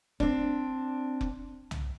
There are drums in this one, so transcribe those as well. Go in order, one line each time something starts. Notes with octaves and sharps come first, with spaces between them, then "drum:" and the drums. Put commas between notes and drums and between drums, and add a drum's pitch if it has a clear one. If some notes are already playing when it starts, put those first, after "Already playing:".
C4 D4, drum: kick F1
drum: kick F1
drum: tom C2